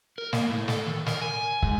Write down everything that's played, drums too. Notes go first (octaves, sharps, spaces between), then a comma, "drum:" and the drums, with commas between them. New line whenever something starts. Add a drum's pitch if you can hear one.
A#4
A#3, drum: snare
A2
A4, drum: snare
D#3
A#4, drum: snare
G#5
G#2, drum: kick